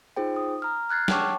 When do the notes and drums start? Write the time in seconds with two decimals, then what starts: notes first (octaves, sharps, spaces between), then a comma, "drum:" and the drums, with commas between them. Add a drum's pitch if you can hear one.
0.16 D#4 F4 G#4 C5 G5
0.36 D#6
0.62 A#5 F6
0.89 F6 F#6 G#6 A6 C7
1.08 C#5 F#5 G5 A5 C#6 D6, drum: snare